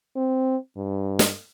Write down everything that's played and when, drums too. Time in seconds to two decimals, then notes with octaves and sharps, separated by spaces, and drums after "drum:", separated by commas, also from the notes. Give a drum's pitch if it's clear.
0.16 C4
0.77 G2
1.19 drum: snare